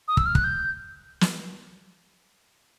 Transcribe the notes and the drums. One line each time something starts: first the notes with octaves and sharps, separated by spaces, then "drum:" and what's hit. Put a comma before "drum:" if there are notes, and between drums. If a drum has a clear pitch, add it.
D#6
E6, drum: kick
F6
F#6, drum: kick
G6
drum: snare